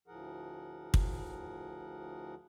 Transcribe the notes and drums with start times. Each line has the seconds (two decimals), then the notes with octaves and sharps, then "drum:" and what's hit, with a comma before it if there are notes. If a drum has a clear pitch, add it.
0.07 D2 A2 F3 G#4 A#4 F#5
0.94 drum: kick